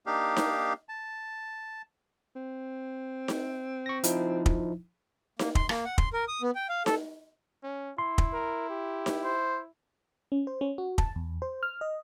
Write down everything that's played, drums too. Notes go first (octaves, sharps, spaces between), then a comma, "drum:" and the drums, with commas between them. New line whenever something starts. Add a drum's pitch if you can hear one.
A#3 D4 D#4 G4 F5
drum: snare D#4
A5
C4
drum: snare D#4
C#6 A#6
F3 D#4 E4, drum: hi-hat
drum: kick
A#3, drum: snare D#4
C6, drum: kick
A#3, drum: rim click
F#5
C6, drum: kick
A#4
D#6
B3
G5
F5
A4, drum: snare D#4
C#4
E4 C6
drum: kick
A#4
G4
drum: snare D#4
C5
C#4
C5
C#4
F#4
A5, drum: kick
E2
C5
F6
D#5